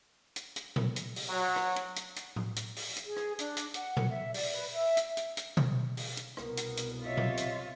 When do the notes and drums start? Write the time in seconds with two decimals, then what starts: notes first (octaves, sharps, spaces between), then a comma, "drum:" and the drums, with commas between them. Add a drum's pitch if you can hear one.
0.36 drum: hi-hat
0.56 drum: hi-hat
0.76 drum: tom A#2
0.96 drum: hi-hat
1.16 drum: open hi-hat
1.29 F#3
1.56 drum: rim click
1.76 drum: hi-hat
1.96 drum: hi-hat
2.16 drum: hi-hat
2.36 drum: tom A2
2.56 drum: hi-hat
2.76 drum: open hi-hat
2.96 drum: hi-hat
3.06 G#4
3.17 drum: rim click
3.39 D4, drum: hi-hat
3.57 drum: hi-hat
3.74 F#5, drum: hi-hat
3.97 drum: tom A#2
4.10 E5
4.34 D5, drum: open hi-hat
4.54 B4
4.71 E5
4.97 drum: hi-hat
5.17 drum: hi-hat
5.37 drum: hi-hat
5.57 drum: tom B2
5.97 drum: open hi-hat
6.17 drum: hi-hat
6.37 C2 B2 B3 A#4, drum: rim click
6.57 drum: hi-hat
6.77 drum: hi-hat
7.04 C3 F4 C#5 D#5 E5
7.17 drum: tom A#2
7.37 drum: hi-hat